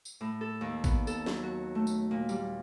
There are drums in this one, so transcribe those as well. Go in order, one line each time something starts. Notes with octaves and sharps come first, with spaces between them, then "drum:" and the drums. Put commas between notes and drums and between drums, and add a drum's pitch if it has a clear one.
drum: tambourine
A2
A4
D#2
B3, drum: kick A1, tambourine
A4, drum: tambourine
F#3, drum: snare
F#4
A3
drum: tambourine
A#2
G3, drum: tambourine